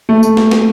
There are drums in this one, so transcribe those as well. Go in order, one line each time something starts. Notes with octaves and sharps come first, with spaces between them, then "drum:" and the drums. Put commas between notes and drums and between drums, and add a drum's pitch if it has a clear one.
A3
drum: tambourine
drum: snare
drum: snare